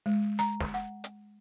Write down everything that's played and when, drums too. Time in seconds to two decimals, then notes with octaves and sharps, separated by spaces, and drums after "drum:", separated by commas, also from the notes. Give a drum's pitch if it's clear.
0.06 G#3
0.39 A#5, drum: hi-hat
0.61 drum: snare
0.74 F#5
1.04 drum: hi-hat